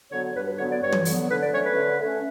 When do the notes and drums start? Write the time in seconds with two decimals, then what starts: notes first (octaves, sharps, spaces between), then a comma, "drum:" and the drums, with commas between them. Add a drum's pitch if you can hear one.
0.11 D3 F#3 B3 C#5
0.35 G2 B4
0.46 B4
0.58 D3 F#3 B3 C#5
0.70 D5
0.82 G2 C#5
0.92 drum: tom
1.05 D3 F#3 B3, drum: open hi-hat
1.29 D3 B4
1.41 D5
1.53 A3 C#4 C#5
1.65 B4
1.76 D3
2.00 A3 C#4